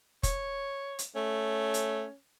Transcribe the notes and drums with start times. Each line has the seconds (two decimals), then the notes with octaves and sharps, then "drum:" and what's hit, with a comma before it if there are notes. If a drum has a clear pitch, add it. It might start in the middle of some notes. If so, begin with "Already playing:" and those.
0.23 C#5, drum: kick F1, hi-hat
0.99 drum: hi-hat
1.15 A3 C#4
1.74 drum: hi-hat